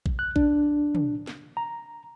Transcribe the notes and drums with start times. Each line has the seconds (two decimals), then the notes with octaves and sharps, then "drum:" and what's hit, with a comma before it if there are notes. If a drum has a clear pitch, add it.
0.06 drum: kick A#1
0.19 F#6
0.36 D4, drum: kick A#1
0.95 drum: tom
1.27 drum: snare
1.57 A#5